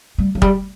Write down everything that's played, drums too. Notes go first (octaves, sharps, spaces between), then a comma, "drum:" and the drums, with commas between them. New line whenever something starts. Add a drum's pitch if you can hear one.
G3
F#3
G3, drum: kick